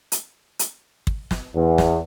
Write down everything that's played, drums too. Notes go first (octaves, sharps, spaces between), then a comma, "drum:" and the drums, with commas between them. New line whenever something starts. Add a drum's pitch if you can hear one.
drum: hi-hat
drum: hi-hat
drum: kick
drum: snare
E2
drum: snare